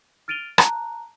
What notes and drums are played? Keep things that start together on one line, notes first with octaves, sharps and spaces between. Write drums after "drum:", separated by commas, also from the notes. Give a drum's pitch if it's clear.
F6 A6 D7 D#7 F7 G7
A5 A#5 F#6, drum: rim click